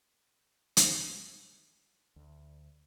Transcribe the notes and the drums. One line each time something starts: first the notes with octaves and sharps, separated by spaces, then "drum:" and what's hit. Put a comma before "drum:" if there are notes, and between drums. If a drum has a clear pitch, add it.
drum: hi-hat
D2